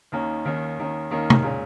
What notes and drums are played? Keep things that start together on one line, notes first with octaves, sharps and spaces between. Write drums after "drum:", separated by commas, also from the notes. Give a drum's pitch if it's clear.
D#2 D#3 A#3 C#4
D#2 D#3 A#3 C#4
D#2 D#3 A#3 C#4
D#2 D#3 A#3 C#4
drum: tom
A#2 G#3 C#4